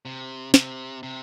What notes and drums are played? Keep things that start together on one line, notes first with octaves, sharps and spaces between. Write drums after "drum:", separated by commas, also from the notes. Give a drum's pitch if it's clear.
C3
C3, drum: snare
C3